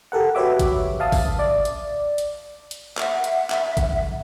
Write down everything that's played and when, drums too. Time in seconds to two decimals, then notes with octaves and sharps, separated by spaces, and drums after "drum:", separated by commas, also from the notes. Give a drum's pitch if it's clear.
0.12 G4 A4 A#4 F#5
0.35 F#4 G4 B4 C#5 E5 D6
0.59 drum: kick, hi-hat
1.00 E5 F5 A5 D#6
1.12 drum: kick, open hi-hat
1.39 D5
1.65 drum: hi-hat
2.18 drum: hi-hat
2.71 drum: hi-hat
2.98 E5 F#5, drum: clap
3.24 drum: hi-hat
3.50 drum: clap
3.77 drum: kick, hi-hat